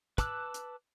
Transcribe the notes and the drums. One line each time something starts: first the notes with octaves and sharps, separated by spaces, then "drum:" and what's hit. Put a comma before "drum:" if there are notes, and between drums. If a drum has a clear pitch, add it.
B4 A5 D6 E6 F#6, drum: kick, hi-hat
drum: hi-hat